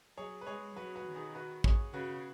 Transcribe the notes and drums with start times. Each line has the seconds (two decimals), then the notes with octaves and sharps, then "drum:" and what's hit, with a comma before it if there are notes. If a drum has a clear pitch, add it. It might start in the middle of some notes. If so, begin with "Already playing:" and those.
0.17 F#3 G#4 C#5
0.41 B4
0.47 G#3 G#4 C#5
0.76 F#3 F#4 B4
0.96 F#4 B4
1.05 D#3
1.15 D#4 G#4
1.35 F#4 B4
1.64 G#4 C#5, drum: kick
1.94 C#3 F#4 B4